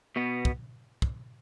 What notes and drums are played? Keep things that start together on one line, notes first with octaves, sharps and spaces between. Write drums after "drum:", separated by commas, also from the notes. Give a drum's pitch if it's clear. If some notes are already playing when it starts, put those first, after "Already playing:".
B2 B3
drum: kick
drum: kick